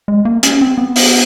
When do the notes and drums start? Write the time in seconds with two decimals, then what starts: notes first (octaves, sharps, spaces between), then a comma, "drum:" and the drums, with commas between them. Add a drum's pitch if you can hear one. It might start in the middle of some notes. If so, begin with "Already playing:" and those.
0.08 G#3
0.25 A#3
0.43 C#4, drum: hi-hat
0.61 C4
0.78 B3
0.96 drum: open hi-hat